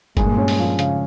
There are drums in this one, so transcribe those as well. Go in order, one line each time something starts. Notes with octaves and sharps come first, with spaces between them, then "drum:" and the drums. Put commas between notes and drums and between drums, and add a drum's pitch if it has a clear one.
G2 A#2 G#3, drum: kick F#1, hi-hat
C#4
drum: open hi-hat
F3
C#3, drum: hi-hat